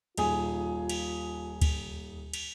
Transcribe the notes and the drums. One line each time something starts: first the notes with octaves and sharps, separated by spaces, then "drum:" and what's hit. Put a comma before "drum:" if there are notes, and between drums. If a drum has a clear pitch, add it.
D#1 F4 G#4 G#5, drum: cymbal
drum: cymbal
drum: kick D2, cymbal
drum: cymbal